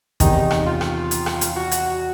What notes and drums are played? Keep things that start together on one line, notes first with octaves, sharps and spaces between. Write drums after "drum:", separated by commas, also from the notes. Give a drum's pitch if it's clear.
E2 C3 D#3 D#4, drum: kick, hi-hat
drum: rim click
F4
drum: rim click
drum: hi-hat
drum: rim click
drum: hi-hat
F#4
drum: hi-hat